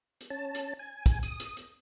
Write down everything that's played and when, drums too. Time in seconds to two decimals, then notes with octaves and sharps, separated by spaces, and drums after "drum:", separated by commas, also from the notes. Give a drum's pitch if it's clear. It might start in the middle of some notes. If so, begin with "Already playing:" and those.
0.21 drum: hi-hat
0.30 C#4 A5
0.55 drum: hi-hat
0.79 G#5
1.06 drum: kick, hi-hat
1.23 D#6, drum: hi-hat
1.40 drum: hi-hat
1.57 drum: hi-hat